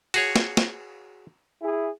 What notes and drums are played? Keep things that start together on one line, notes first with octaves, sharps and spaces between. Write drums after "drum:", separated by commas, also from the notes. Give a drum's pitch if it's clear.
F#4 G#4 C#5, drum: cymbal
drum: snare
drum: snare
E4 G#4